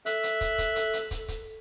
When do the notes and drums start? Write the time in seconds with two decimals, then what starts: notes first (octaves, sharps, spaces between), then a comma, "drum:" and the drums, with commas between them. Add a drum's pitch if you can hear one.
0.06 A4 E5 F#6, drum: hi-hat
0.23 drum: hi-hat
0.41 drum: kick, hi-hat
0.58 drum: kick, hi-hat
0.76 drum: hi-hat
0.93 drum: hi-hat
1.11 drum: kick, hi-hat
1.28 drum: kick, hi-hat